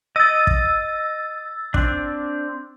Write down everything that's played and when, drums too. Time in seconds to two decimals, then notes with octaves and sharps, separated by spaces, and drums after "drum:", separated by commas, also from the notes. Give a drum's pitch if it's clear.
0.16 D#5 E6 A6
0.47 drum: kick
1.74 C4 D4, drum: kick